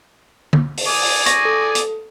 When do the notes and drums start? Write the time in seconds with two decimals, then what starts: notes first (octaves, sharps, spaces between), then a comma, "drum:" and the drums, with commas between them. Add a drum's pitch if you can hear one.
0.53 drum: tom
0.77 drum: open hi-hat
0.87 D5 G#5 D#6
1.02 drum: open hi-hat
1.26 C#6 A#6, drum: hi-hat
1.45 A4
1.75 drum: hi-hat